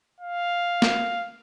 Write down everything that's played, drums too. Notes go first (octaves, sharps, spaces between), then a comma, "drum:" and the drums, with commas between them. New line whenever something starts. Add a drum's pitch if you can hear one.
F5
drum: snare